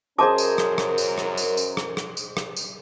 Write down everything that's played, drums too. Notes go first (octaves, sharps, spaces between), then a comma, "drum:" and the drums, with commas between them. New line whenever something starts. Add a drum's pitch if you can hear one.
F#2 C#4 G#4 A#4 C5 D#5 A5 D6
drum: tambourine
drum: rim click
drum: rim click
drum: tambourine
drum: rim click
drum: tambourine
drum: tambourine
drum: rim click
drum: rim click
drum: tambourine
drum: rim click
drum: tambourine